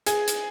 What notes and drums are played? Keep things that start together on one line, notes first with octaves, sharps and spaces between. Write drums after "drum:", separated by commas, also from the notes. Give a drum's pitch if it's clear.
G#4, drum: hi-hat
drum: hi-hat